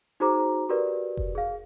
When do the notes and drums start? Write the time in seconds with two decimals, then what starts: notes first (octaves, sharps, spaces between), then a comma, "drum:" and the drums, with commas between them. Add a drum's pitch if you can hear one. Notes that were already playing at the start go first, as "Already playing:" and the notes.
0.20 D#4 F#4 G#4 C5 A#5 D6
0.69 F#4 G4 A#4 B4 D5
1.17 drum: kick F1
1.35 G#4 F5